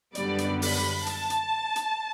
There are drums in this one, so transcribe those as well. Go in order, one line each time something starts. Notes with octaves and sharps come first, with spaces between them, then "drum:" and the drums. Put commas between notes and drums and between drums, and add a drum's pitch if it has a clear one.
F#2 D3 G3 B3 D5, drum: hi-hat
drum: hi-hat
B5, drum: open hi-hat
A5, drum: hi-hat
drum: hi-hat
drum: hi-hat